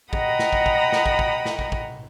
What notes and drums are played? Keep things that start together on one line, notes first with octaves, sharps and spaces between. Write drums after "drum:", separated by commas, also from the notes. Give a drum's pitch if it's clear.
D#5 F#5 G5 A#5 B5 D#6, drum: kick
drum: snare
drum: kick
drum: kick
drum: snare
drum: kick
drum: kick
drum: snare
drum: kick
drum: kick